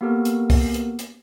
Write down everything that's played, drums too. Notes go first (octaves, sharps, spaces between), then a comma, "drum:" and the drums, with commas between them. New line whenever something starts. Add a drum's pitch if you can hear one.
A#3 B3 F#4 G4 A4 A#4
drum: hi-hat
drum: kick C2, open hi-hat
drum: hi-hat
drum: hi-hat